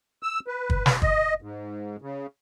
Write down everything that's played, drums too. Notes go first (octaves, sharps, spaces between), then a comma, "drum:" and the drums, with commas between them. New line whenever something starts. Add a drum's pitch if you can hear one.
E6
B4
drum: kick
drum: snare
D#5, drum: kick
G#2
C#3